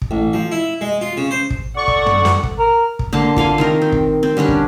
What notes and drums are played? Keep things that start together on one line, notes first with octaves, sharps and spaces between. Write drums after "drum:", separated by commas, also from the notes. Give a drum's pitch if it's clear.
drum: kick
A1
F3
E4
G#3
F4
C#3
C5
drum: kick
A4 D5 F#5 C#6
drum: kick
drum: tom
drum: snare
drum: kick
A#4
drum: kick
D3 A#3 A5 C6
F4 A4 F5 G#5, drum: kick
D#3 C4 A#4
C4
drum: kick
C4
D3 G3 C#4 D4
drum: kick